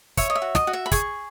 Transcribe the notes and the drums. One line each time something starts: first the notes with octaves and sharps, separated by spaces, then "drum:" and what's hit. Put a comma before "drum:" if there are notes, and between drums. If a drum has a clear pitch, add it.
C#5 E5, drum: kick, hi-hat
D#5
E5
F#4
D#5, drum: snare
F#4
E5
B5
G#4 C#6, drum: kick, hi-hat